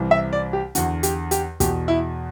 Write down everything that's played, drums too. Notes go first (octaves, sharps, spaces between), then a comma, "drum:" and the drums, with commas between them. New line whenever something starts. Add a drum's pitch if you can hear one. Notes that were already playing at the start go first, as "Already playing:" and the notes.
Already playing: C2 C3 E3
E5
D5
G4
E2 D3 F#4, drum: hi-hat
G4, drum: hi-hat
G4, drum: hi-hat
E2 B2 G4, drum: kick, hi-hat
E4